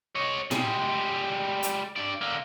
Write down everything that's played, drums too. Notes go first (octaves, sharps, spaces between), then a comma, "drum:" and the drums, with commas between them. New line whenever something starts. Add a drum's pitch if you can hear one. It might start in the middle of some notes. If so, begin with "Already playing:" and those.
C#5 D#5
G3 G#3, drum: tom A2
drum: hi-hat
G2 D5
D3 A#3